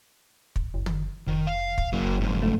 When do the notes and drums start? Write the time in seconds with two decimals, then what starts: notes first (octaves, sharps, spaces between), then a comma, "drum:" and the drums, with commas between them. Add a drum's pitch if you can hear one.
0.56 drum: kick
0.74 F#1
0.86 drum: tom
1.27 F1 D#3
1.47 F5
1.78 drum: kick
1.93 F#1 F#3 A#3
2.20 F2 G#2
2.42 A3